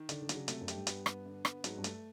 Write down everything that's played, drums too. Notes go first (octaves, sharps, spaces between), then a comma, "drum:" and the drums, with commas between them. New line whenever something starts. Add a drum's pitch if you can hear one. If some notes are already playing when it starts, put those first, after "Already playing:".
Already playing: D#3
D3 D4, drum: hi-hat
D3
F#3, drum: hi-hat
C#3
C3 A3, drum: hi-hat
F#2
G4, drum: hi-hat
G2
B3, drum: hi-hat
B3, drum: rim click
D3
B3, drum: rim click
G#2 F#3, drum: hi-hat
G2
A3, drum: hi-hat